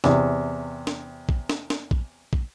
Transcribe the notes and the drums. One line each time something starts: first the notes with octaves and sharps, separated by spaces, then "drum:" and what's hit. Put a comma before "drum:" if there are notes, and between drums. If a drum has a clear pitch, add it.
E2 C3, drum: snare
drum: snare
drum: kick
drum: snare
drum: snare
drum: kick
drum: kick